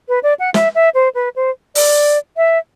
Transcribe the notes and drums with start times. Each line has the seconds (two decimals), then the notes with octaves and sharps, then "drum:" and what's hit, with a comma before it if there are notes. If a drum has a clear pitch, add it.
0.09 B4
0.23 D5
0.39 F#5
0.54 E5, drum: snare
0.75 E5
0.94 C5
1.15 B4
1.36 C5
1.75 D5, drum: open hi-hat
2.37 E5